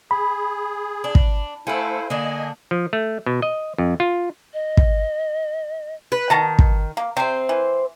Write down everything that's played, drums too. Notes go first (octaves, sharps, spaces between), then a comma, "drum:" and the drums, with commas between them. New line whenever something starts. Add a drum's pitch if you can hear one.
G#4 B5
D4
drum: kick
A3 E4 A4 C5 F5 F#5 G#5
D3 A#3 D4 D#5 G#5
F3
A3
B2
D#5
F2
F4
D#5
drum: kick
B4
B2 D#3 A5 A#5
drum: kick
A#3
C3 C4 C5
E3